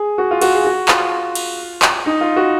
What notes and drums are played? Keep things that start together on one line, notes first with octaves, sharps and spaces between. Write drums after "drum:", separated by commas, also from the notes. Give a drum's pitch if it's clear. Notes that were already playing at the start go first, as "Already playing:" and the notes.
Already playing: G#4
F#4
F4
F#4, drum: cymbal
G#4
F#4
F4, drum: clap
drum: cymbal
drum: clap
D#4
F4
F#4